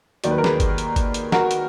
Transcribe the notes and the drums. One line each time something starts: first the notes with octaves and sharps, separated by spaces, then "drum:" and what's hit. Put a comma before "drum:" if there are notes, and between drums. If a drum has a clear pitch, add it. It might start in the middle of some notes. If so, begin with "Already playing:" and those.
D#2 D#3 F#3 D5, drum: hi-hat
B4
A#4
G#4 B4, drum: snare
drum: kick G1, hi-hat
drum: hi-hat
drum: kick G1, hi-hat
drum: hi-hat
F#4 A#4, drum: snare
drum: hi-hat